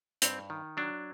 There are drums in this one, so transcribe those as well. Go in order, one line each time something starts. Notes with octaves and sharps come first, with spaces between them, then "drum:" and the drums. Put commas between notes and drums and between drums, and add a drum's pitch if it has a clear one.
G2 C4, drum: hi-hat
D#3
F#3 D4